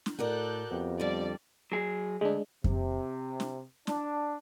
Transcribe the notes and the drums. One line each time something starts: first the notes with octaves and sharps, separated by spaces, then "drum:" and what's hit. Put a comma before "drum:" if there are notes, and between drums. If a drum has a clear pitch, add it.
drum: snare
A2 F#4 A4 A#4 D5 F#6 G6
F2 B3 G4
D3 G3 D5
F#3 G#4
D2 G#3 D4
C3, drum: kick F2
drum: snare
D4, drum: snare